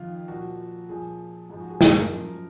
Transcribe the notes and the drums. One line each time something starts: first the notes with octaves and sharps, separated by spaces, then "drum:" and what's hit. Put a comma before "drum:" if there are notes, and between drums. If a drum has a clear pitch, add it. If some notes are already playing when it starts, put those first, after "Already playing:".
Already playing: F2 D#3 F4
A#2 F3 F#4
A#2 F3 G#4
G#2 F3 G#4
F#4
G#4
A#4, drum: snare
A#4
F#2 F3